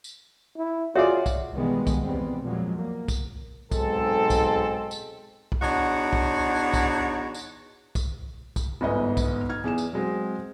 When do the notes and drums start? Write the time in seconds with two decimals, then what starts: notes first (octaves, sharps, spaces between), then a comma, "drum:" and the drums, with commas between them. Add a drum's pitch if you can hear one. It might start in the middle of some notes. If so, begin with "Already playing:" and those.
0.04 drum: tambourine
0.56 E4
0.95 F4 F#4 G#4 C#5 D5 E5 F#5
1.26 drum: kick, tambourine
1.54 B2 D#3 E3 G3 G#3 B3
1.87 drum: kick, tambourine
2.03 E2 G3 G#3 B3 C4
2.43 A#2 F3 F#3 G#3
2.77 A#3
3.08 drum: kick, tambourine
3.72 B1 G#2 G#3 C4 A4, drum: kick, tambourine
4.30 drum: kick, tambourine
4.91 drum: tambourine
5.52 drum: kick
5.62 E2 D4 D#4 F#4 C#5 F#5
6.13 drum: kick
6.74 drum: kick, tambourine
7.34 drum: tambourine
7.95 drum: kick, tambourine
8.56 drum: kick, tambourine
8.81 G1 G#2 B3 D#5 G#5
9.17 drum: kick, tambourine
9.49 D#4 F6 G#6
9.64 E2 G#4 G#5 E7
9.78 drum: tambourine
9.93 F#3 G#3 C4